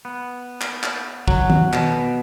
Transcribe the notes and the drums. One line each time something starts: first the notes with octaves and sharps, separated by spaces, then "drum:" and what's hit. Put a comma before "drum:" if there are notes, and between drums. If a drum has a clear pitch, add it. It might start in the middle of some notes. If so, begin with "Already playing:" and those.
B3
drum: clap
drum: clap
F#3, drum: kick A1
drum: tom D#3
B2, drum: clap